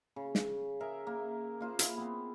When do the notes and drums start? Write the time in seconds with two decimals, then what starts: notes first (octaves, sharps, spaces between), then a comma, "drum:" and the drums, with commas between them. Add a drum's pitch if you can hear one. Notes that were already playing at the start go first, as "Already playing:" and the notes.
0.16 C#3
0.35 drum: snare
0.80 G#4 A#4 E5
1.07 A#3
1.60 A#3 F4 C5
1.79 A#3 E4, drum: hi-hat
1.98 B3 C4